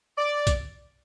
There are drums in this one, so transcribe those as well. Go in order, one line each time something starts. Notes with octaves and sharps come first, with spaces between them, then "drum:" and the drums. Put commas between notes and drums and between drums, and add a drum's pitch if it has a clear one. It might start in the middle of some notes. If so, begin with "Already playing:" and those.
D5
drum: kick B1, hi-hat